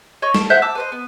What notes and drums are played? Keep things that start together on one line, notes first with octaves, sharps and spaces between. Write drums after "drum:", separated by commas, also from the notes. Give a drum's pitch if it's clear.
C#5 D#5 C#6
A5, drum: snare
C5 E5 F#5 G6
A5 D6 E6
B4 C5 D#5
B3